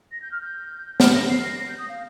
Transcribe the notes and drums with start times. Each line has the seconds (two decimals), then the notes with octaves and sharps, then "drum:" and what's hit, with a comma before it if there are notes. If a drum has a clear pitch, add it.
0.12 A#6
0.22 G6
0.31 F6
0.41 G6
1.00 F6, drum: snare
1.14 A#6
1.29 C7
1.44 A#6
1.59 A#6
1.68 G6
1.78 D#6
1.89 F5